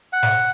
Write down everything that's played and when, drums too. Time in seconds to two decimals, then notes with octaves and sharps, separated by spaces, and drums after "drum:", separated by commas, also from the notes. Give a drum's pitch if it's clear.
0.13 F#5
0.23 drum: snare